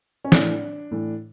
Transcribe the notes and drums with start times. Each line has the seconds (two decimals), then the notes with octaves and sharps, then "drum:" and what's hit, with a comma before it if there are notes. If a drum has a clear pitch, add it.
0.25 C#4
0.32 A2 E3 D4, drum: snare
0.91 A2 E3